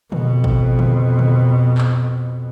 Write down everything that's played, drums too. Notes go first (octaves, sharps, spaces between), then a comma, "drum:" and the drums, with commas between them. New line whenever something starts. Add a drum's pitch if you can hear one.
F2 B2, drum: tom
drum: kick
drum: tom
drum: tom
drum: clap